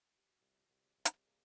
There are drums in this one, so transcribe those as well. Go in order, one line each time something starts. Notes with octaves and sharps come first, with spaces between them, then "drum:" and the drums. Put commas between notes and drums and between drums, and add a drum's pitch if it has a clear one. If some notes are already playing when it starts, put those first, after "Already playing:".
G4
F#4
C2 F4
F#4
C2
G#4
C2
G#4, drum: hi-hat
A#3 G#4